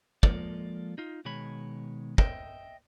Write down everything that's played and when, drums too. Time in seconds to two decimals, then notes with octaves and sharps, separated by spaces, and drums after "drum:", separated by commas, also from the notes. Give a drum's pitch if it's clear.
0.23 F3 G#3 A#3 F4 A4 D5, drum: kick
0.98 D#4 F4
1.25 B2 D#3 G#3 C#5 B5
2.18 D#5 E5 G5, drum: kick